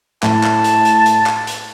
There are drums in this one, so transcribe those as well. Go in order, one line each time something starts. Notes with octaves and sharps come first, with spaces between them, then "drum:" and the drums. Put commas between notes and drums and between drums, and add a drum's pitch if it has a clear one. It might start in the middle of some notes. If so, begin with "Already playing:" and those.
A2 A5, drum: clap
drum: clap
drum: hi-hat
drum: hi-hat
drum: hi-hat
drum: clap
drum: hi-hat